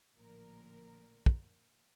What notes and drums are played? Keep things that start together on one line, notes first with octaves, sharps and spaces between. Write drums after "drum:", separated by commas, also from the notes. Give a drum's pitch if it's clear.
A1 A#2 D3 F3 A#4
drum: kick